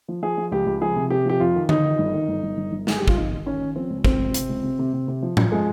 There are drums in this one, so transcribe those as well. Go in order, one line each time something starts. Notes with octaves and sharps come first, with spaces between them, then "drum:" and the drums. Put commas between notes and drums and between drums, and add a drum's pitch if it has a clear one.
F3
F3 G#4
F3
C#2 G4
C#2
F3 G#4
C3
C3 G4
F3 G4
F2 F4
D#3
D#3 D#4, drum: tom D3
D#3
G1
D#3
G1
G1
G1
G1
G1 G#4, drum: snare
G1 G4
F4, drum: kick
F2 D#4
D#3
D#3 C#4
D#3
F3 C4
C#2
C#2 C4, drum: kick
C#2
C3, drum: hi-hat
C#2
C3
C3
C3
C3
F3
F3, drum: tom A2
F3 G#3